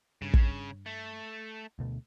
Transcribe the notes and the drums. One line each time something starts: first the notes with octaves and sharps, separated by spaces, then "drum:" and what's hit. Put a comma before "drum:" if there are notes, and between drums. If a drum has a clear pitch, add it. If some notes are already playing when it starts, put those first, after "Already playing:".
G2 C#3
drum: kick
A3
D2 B2 A3